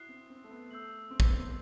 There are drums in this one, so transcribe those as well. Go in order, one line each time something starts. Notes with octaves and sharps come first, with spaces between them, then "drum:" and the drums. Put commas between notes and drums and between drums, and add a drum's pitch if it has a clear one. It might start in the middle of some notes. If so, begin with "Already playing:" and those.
Already playing: E4 F#4 D#6 F#6 C7
C4
C4
A3
B3
A3 E6 G6 C7 F#7
C4
B3, drum: kick
C4